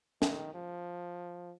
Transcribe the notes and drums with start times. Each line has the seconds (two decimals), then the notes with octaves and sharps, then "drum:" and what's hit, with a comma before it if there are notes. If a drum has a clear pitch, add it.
0.22 D#3, drum: snare
0.54 F3